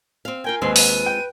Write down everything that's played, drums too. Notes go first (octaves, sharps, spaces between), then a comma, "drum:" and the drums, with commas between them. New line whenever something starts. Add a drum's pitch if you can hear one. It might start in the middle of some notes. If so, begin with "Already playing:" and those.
C4 F5
F4 A#4 G5 G#5
D#2 G#3 C4 F4 B4 C6
D#7, drum: open hi-hat
G5